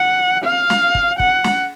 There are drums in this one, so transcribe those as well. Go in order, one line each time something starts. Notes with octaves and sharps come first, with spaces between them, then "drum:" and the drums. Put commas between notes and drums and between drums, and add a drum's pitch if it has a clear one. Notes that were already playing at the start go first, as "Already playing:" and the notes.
Already playing: F#5
F5
drum: snare
drum: kick
F#5, drum: kick
drum: snare